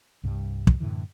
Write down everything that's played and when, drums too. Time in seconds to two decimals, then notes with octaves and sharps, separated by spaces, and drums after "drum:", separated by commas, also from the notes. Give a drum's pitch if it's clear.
0.24 C2 G2 G3
0.67 drum: kick
0.80 F#2 A2 D3 E3